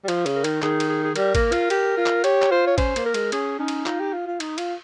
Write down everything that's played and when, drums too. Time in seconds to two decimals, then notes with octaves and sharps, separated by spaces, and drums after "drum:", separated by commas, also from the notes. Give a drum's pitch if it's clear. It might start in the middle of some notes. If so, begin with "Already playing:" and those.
0.04 G3
0.08 F3, drum: cymbal
0.26 C#3, drum: cymbal
0.36 A#4
0.44 D#3, drum: cymbal
0.62 D#3 G#4, drum: clap
0.80 drum: cymbal
0.89 G#4
1.05 G#4
1.16 G3 A#4, drum: cymbal
1.35 A#3, drum: kick, cymbal
1.52 F4, drum: cymbal
1.70 G4, drum: cymbal
1.97 F4
2.06 drum: clap
2.24 G4 C#5, drum: cymbal
2.42 drum: clap
2.51 F4 C5
2.67 C#5
2.78 C#4 C5, drum: kick, cymbal
2.96 A#3, drum: cymbal
3.06 A#4
3.14 G#3, drum: cymbal
3.32 C#4 G#4, drum: cymbal
3.59 C#4 D#4
3.68 drum: cymbal
3.86 D#4 F4, drum: clap
4.00 G4
4.13 F4
4.27 F4
4.40 D#4, drum: cymbal
4.58 F4, drum: cymbal